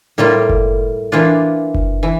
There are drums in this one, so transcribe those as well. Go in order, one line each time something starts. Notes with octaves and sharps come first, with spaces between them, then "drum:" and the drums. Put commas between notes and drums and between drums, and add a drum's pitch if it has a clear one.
A2 G3 A#3 F4
drum: kick F#1
E3 A#3 D4 F4
drum: kick F#1
E3